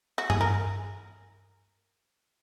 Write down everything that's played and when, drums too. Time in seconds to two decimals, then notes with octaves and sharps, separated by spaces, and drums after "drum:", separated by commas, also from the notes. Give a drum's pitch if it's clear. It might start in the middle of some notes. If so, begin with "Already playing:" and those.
0.18 F#4
0.30 G#4, drum: tom G2
0.41 A#4